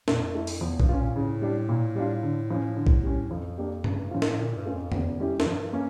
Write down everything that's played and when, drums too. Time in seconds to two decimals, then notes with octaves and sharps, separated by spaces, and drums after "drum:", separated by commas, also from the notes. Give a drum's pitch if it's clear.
0.08 F2 A#2, drum: snare
0.35 A3 E4
0.47 drum: open hi-hat
0.61 E2 F3
0.80 G2, drum: kick A#1
0.89 C#4 F4
0.97 A#2
1.15 A2 C#3
1.42 G3 D4
1.69 A#2
1.95 G3 D4 F4
2.23 D3
2.50 F3 C#4
2.77 D3
2.87 drum: kick A#1
3.03 G3 C#4
3.31 F2 F3
3.58 A#3 D4 G4
3.84 G2 C#3, drum: tom G2
4.11 A2 F3 C#4 F4
4.22 drum: snare
4.38 A#2 D3
4.56 G2
4.66 A3 C#4 F4
4.74 F2
4.92 E2 C#3, drum: tom F2
5.19 F2 G3 C#4 E4 G4
5.40 F2, drum: snare
5.46 G2 F3
5.73 A#3 C#4